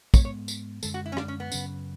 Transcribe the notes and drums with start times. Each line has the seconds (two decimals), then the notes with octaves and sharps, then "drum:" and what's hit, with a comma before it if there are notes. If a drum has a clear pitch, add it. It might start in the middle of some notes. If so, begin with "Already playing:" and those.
0.14 G#2 G#3 B3 C#5, drum: kick, tambourine
0.25 C#5
0.48 drum: tambourine
0.83 F#2 D3 G#3 A4, drum: tambourine
0.94 F#4
1.06 E4
1.12 C#4
1.17 D4, drum: rim click
1.28 C#4
1.40 B3
1.52 F#2 C#3 F#3 C#4, drum: tambourine